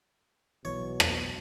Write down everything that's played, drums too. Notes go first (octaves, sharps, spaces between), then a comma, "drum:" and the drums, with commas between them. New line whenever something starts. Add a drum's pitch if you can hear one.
B1 B2 E3 C#5
drum: rim click